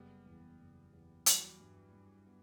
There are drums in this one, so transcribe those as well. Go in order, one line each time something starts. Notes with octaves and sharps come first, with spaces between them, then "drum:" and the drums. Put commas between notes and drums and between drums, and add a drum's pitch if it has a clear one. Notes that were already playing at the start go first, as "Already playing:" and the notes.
Already playing: F#1 G3 B3
E2
F#1
E2
E3 F#3 G3, drum: hi-hat
G2
G2
B3